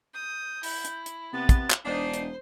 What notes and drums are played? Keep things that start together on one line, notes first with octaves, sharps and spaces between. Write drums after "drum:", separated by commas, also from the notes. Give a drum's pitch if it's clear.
D#6 G6
E4, drum: open hi-hat
drum: hi-hat
drum: hi-hat
C3 B3 A6
drum: kick, hi-hat
drum: clap
E1 D4 D#4 C5 C7
drum: hi-hat